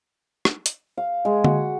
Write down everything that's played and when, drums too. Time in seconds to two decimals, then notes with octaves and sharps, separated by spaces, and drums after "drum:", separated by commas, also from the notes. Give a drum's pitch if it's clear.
0.45 drum: rim click
0.66 drum: hi-hat
0.97 F5
1.25 G#3
1.44 F#4, drum: tom D3